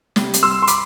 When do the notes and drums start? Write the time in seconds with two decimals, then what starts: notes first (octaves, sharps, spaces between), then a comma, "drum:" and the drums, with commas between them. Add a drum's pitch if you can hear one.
0.16 C3 G3, drum: snare
0.34 drum: hi-hat
0.43 C6 E6
0.62 C6
0.67 B5 D6, drum: hi-hat